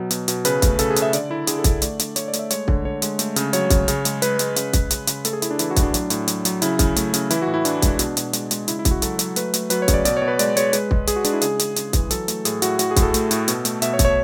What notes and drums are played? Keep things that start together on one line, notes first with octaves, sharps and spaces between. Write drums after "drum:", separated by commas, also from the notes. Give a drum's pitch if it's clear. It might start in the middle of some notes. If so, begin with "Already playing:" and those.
Already playing: B2 F#3
B2, drum: hi-hat
B2, drum: hi-hat
C#3 B4, drum: hi-hat
A3, drum: kick, hi-hat
C#3 A4, drum: hi-hat
G#4
C#3, drum: hi-hat
E5
D3 D5, drum: hi-hat
D3 E4
D3 G#4, drum: hi-hat
A4
D3, drum: kick, hi-hat
A3 D5, drum: hi-hat
D3, drum: hi-hat
A3 C#5, drum: hi-hat
D5
A3, drum: hi-hat
E5
G#3 C#5, drum: hi-hat
D3, drum: kick
D3 C#5
G#3, drum: hi-hat
A3, drum: hi-hat
C#3, drum: hi-hat
F#3 C#5, drum: hi-hat
C#3, drum: kick, hi-hat
C#3, drum: hi-hat
G#3, drum: hi-hat
G#3 B4, drum: hi-hat
G#3, drum: hi-hat
C#3, drum: hi-hat
C#3, drum: kick, hi-hat
C#3, drum: hi-hat
C#3, drum: hi-hat
A3 A4, drum: hi-hat
G#4
A3 E4, drum: hi-hat
D4
E3 E4, drum: hi-hat
F#4
A2, drum: kick, hi-hat
D4
F#3, drum: hi-hat
A2, drum: hi-hat
F#3, drum: hi-hat
F#3, drum: hi-hat
C#3 E4, drum: hi-hat
C#3, drum: kick, hi-hat
A3, drum: hi-hat
C#3, drum: hi-hat
E3 E4, drum: hi-hat
F#4
A2
E4
E3 D4, drum: hi-hat
G#3 D4, drum: kick, hi-hat
B2, drum: hi-hat
B2, drum: hi-hat
G#3, drum: hi-hat
G#3, drum: hi-hat
C#3 E4, drum: hi-hat
E4
C#3, drum: kick, hi-hat
F#4
F#3 A4, drum: hi-hat
F#3, drum: hi-hat
A3 B4, drum: hi-hat
A3, drum: hi-hat
F#3 B4, drum: hi-hat
C#5
C#3, drum: kick, hi-hat
D5
B2 D5, drum: hi-hat
C#5
B2
B4
G#3 D5, drum: hi-hat
G#3 C#5, drum: hi-hat
G#3 B4, drum: hi-hat
G#3, drum: kick
G#3 G#4, drum: hi-hat
F#4
G#3 D4, drum: hi-hat
E4
C#3 G#4, drum: hi-hat
C#3, drum: hi-hat
C#3, drum: hi-hat
E3, drum: kick, hi-hat
F#3 A4, drum: hi-hat
A3, drum: hi-hat
A2 G#4, drum: hi-hat
A2 F#4, drum: hi-hat
A2 F#4, drum: hi-hat
G#4
A2, drum: kick, hi-hat
A4
A3, drum: hi-hat
A2, drum: hi-hat
B2, drum: hi-hat
A3, drum: hi-hat
B2 E5, drum: hi-hat
C#5
B2, drum: kick, hi-hat
C#5